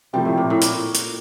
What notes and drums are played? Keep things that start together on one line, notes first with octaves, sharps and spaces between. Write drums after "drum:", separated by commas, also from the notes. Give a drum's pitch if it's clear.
C3 F3 G3 A3
A2
A#2
A2
A#2, drum: hi-hat
drum: hi-hat